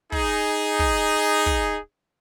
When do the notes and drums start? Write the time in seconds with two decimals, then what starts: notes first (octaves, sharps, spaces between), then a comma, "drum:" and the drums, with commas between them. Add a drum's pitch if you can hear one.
0.12 D#4 G#4, drum: kick
0.79 drum: kick
1.46 drum: kick